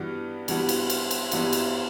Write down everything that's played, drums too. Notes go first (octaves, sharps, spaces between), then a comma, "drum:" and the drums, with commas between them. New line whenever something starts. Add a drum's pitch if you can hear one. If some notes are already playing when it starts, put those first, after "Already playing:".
Already playing: G2 E3 G3 B3 F#4
G2 E3 G3 B3 F#4, drum: cymbal
drum: cymbal
drum: cymbal
drum: cymbal
G2 E3 G3 B3 F#4, drum: cymbal
drum: cymbal